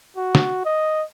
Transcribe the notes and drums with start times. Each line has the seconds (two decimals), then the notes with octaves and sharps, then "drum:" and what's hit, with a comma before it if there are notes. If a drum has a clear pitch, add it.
0.17 F#4
0.35 drum: snare
0.65 D#5